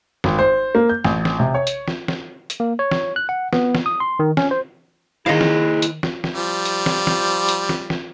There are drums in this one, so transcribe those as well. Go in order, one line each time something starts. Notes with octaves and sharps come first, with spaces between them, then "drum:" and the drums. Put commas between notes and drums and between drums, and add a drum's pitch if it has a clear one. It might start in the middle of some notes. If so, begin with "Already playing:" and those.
G#1, drum: snare
C5
A#3
G6
A1, drum: snare
drum: snare
C3
C#5
drum: hi-hat
drum: snare
drum: snare
drum: hi-hat
A#3
C#5
drum: snare
F#6
F#5
B3, drum: snare
drum: snare
D#6
C6
D#3
C#4, drum: snare
C5
D#3 E4 G#4 C5 D#5 F5
drum: snare
drum: hi-hat
drum: snare
drum: snare
F3 G3
drum: hi-hat
drum: snare
drum: snare
drum: hi-hat
drum: snare
drum: snare